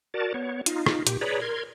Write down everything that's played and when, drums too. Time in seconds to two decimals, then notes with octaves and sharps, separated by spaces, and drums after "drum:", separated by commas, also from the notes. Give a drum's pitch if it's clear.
0.14 F#4 A#4 D5 A5
0.34 B3 C#5
0.66 D#4 F4, drum: hi-hat
0.86 drum: rim click
1.07 A#2 G4, drum: hi-hat
1.21 G#4 B4 C#5 D5 A#5 B5
1.41 A#4 C6 G#6